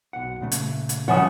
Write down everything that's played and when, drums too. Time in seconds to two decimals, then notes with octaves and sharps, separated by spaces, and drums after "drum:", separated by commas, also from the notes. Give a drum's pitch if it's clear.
0.13 B1 F#5
0.41 A#2 C#3 A3
0.52 drum: hi-hat
0.89 drum: hi-hat
1.08 C#3 F3 G3 F4 C#5 F#5 G#5 D#6